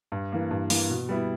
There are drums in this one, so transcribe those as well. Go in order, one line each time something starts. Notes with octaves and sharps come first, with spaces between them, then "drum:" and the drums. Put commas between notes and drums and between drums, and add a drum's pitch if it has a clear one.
G2
E3 A#3
G2
E3 A#3, drum: open hi-hat
B2
G3 B3 E4